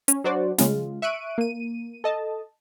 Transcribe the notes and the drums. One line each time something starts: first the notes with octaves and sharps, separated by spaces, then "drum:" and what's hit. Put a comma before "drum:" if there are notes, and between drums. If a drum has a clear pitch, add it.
C#4, drum: hi-hat
F#3 D4 F#4 C5 D5
C#3 G#3 F4, drum: snare
E5 C#6 F#6 D7 D#7
A#3 D#7
A4 D#5 A5